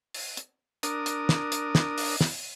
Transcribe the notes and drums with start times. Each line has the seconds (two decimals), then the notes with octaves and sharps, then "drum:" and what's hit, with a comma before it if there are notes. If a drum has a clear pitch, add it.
0.14 drum: open hi-hat
0.37 drum: hi-hat
0.83 D4 A#4 D#6, drum: hi-hat
1.06 drum: hi-hat
1.29 drum: snare
1.52 drum: hi-hat
1.75 drum: snare
1.98 drum: open hi-hat
2.21 drum: snare